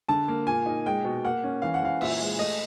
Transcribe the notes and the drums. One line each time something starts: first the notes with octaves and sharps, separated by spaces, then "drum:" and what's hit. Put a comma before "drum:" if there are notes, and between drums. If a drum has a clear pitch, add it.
D3 A5
A#3
A#2 G#5
D#4
G#3 G5
B2
A#3 F#5
C#4
E3 F5
F#5
E3 F5
A#2 E5, drum: cymbal
G#3
A3 D#5